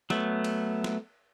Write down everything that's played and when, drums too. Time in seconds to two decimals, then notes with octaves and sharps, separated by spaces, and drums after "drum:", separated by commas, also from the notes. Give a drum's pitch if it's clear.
0.10 F#3 A3 B3, drum: snare
0.44 drum: cymbal
0.84 drum: snare